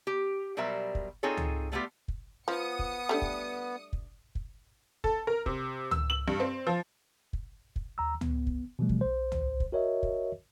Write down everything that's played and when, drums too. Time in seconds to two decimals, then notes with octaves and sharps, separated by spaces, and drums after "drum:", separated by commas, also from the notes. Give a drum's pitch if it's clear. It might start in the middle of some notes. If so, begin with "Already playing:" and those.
0.07 G4
0.57 B2 F#3 G3 A#4 C5 E5
0.95 drum: kick
1.23 C4 D#4 F4 G#4 A4 C#5
1.37 drum: tom C#2
1.72 G3 A3 B3 E4 F4 G4
2.08 drum: kick
2.48 F3 B3 F4 D#6 C#7
2.79 drum: kick
3.09 G3 A3 D4 A4 G5
3.22 drum: kick
3.93 drum: kick
4.35 drum: kick
5.04 A4, drum: kick
5.27 A#4
5.46 C3, drum: kick
5.91 E6, drum: tom C#2
6.10 F#7
6.28 G2
6.40 C4
6.67 F3
7.33 drum: kick
7.76 drum: kick
7.98 D#2 A#5 E6
8.21 B3, drum: tom C#2
8.47 drum: kick
8.79 B2 E3 F3 G3 A3
8.89 drum: kick
9.01 B1 C5
9.32 drum: tom C#2
9.60 drum: kick
9.72 F#4 A#4 C#5 D#5 E5
10.03 drum: kick